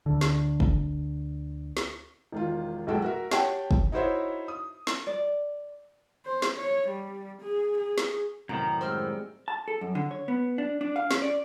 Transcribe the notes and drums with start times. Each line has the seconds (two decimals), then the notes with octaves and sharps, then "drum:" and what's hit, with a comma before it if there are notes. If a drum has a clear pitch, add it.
0.06 D2 D3
0.21 drum: snare
0.60 drum: kick F#1
1.77 drum: snare
2.32 E1 D#3 F4
2.87 F1 B1 G#3 F#4 A4 G5
3.02 F#4 A#4 E5
3.31 G4 C#5 F#5 G5 A5, drum: snare
3.71 drum: kick F#1
3.92 D#4 E4 F#4 C5 C#5 E5
4.48 D#6
4.87 drum: snare
5.07 D5
6.25 C5
6.42 drum: snare
6.58 C#5
6.88 G3
7.41 G#4
7.77 G#4
7.98 drum: snare
8.49 F#2 A2 C3 D#3 C4 A#5
8.81 G3 G#3 C4 C5 G5 E6 F6
9.48 A5
9.68 A4
9.81 F#2
9.95 D3
10.11 C#5
10.28 B3
10.58 D4
10.81 D4
10.96 F5
11.11 C#4, drum: snare
11.22 D5